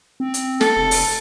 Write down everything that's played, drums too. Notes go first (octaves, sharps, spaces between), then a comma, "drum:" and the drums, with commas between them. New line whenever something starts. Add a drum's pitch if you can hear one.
C4
drum: hi-hat
A4, drum: snare
F1
drum: open hi-hat